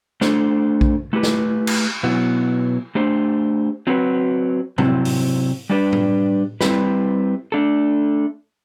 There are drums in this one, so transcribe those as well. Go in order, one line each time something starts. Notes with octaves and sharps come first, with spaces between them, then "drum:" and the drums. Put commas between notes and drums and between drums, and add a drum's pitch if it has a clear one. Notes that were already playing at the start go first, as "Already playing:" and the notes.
A3 D4 A4 C5, drum: snare
drum: kick A#1
A3 E4 G4 B4
drum: snare
drum: cymbal
B2 F#3 B3 E4
A3 D4 G4 C5
F#3 C4 F#4 B4
C3 F#3 C4 E4 G4, drum: tom
drum: open hi-hat
G3 D4 G4 B4
drum: tom A2
G3 C4 E4 G4 B4, drum: snare
A3 D4 A4